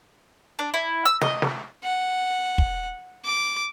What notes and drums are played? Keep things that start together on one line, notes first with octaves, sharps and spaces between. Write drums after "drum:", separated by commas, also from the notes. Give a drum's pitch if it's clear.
D4
E4
E6, drum: hi-hat
D#5, drum: snare
drum: snare
F#5
drum: kick
D6